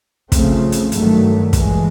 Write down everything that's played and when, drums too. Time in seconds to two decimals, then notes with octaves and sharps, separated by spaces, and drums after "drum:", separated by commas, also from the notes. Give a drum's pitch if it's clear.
0.32 C#3 F3 A3 C4, drum: kick, hi-hat
0.72 drum: hi-hat
0.92 G2 D#3 F#3 A3, drum: hi-hat
1.53 G2 E3 G#3, drum: kick, hi-hat